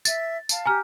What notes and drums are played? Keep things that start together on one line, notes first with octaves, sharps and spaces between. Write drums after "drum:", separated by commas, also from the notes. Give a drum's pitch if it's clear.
E5 A6, drum: tambourine
F5 A5, drum: tambourine
G4 G#5 A#5 F6